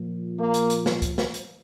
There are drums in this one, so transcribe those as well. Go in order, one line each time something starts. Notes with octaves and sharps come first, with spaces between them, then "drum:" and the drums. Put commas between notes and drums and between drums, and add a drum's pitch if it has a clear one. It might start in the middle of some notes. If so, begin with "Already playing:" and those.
Already playing: A#2 F3
A#3
drum: hi-hat
drum: hi-hat
drum: snare
drum: kick C#2, hi-hat
drum: snare
drum: hi-hat